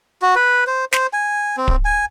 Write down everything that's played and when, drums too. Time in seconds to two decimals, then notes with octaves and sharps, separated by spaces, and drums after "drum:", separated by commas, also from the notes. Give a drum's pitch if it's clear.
0.22 F#4
0.35 B4
0.67 C5
0.92 C5, drum: snare
1.13 G#5
1.57 C4
1.68 drum: kick D1
1.85 G#5